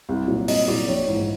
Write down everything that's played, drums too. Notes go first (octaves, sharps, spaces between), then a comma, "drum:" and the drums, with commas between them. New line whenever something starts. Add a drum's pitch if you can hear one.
C2
A#2 F#3
C2 D#5, drum: open hi-hat
A#2 F#3 D5
A#1 C#5
G#2 E3